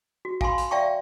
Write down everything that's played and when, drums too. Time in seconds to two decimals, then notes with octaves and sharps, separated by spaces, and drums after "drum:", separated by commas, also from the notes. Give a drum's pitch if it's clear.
0.25 F#4
0.41 F5 G#5 A5 B5 C6, drum: kick A1
0.58 drum: hi-hat
0.71 D5 E5 F5 G5 A5 C#6